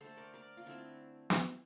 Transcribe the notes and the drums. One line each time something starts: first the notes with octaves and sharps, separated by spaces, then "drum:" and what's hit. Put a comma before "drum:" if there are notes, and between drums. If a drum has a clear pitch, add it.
D3 A3 A4 C5
A#4 D5
A#4 D5
F4
D3 A3 C4 E4
drum: snare